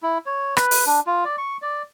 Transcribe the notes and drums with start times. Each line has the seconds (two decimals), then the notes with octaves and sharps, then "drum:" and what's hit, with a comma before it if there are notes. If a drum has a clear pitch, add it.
0.03 E4
0.26 C#5
0.57 B4, drum: rim click
0.71 drum: open hi-hat
0.86 D4
1.07 F4
1.25 D5
1.38 C#6
1.62 D5